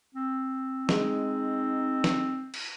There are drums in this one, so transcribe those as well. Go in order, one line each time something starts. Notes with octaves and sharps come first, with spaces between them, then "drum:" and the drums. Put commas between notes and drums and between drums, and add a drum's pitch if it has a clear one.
C4
G#3 D#4, drum: snare
drum: snare
drum: cymbal